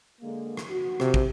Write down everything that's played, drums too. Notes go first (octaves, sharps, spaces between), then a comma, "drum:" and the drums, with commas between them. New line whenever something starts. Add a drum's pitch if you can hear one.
D3 G#3 A#3
drum: rim click
F#4
C3, drum: rim click
drum: kick